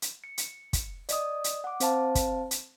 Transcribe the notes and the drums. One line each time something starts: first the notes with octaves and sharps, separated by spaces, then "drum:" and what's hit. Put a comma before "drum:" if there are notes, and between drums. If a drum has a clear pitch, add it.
drum: hi-hat
C#7
drum: hi-hat
drum: kick, hi-hat
D5 D#5 D#6, drum: hi-hat
drum: hi-hat
F#5 D6
C4 C5 F5 A5, drum: hi-hat
drum: kick, hi-hat
drum: hi-hat